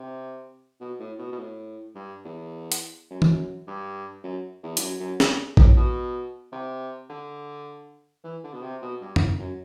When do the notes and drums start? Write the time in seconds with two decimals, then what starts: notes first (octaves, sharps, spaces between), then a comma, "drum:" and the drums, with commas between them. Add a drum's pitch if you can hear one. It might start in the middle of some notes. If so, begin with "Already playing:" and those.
Already playing: C3
0.80 B2
0.99 A2
1.19 B2
1.32 B2
1.38 A2
1.95 G2
2.25 E2
2.72 drum: hi-hat
3.10 F#2
3.22 drum: tom
3.67 G2
4.24 F#2
4.63 E2
4.77 G2, drum: hi-hat
4.81 F#2
5.00 F#2
5.20 G2, drum: snare
5.57 A2, drum: kick A1
5.77 B2
6.52 C3
7.10 D3
8.24 E3
8.44 D3
8.53 B2
8.63 C3
8.82 B2
9.01 G2
9.16 drum: tom F2
9.39 F#2